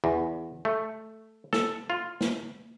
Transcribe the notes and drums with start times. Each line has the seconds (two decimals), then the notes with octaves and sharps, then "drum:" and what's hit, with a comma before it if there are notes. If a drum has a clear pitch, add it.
0.04 E2
0.65 A3
1.53 A4, drum: snare
1.90 F4
2.21 drum: snare